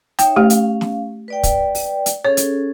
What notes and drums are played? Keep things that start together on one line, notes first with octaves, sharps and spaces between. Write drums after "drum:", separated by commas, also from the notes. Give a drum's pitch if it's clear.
D#4 C#5 E5 G5, drum: hi-hat
A3 C#4 G4 F5
drum: hi-hat
drum: snare
B4 D5 G5
drum: kick, hi-hat
drum: open hi-hat
drum: hi-hat
C#4 G#4 A4 C#5
drum: hi-hat